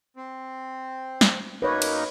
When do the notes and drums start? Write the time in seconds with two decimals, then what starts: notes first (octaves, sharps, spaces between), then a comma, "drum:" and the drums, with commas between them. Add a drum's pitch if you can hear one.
0.16 C4
1.21 drum: snare
1.62 F#2 A#3 D#4 B4 C#5
1.82 drum: cymbal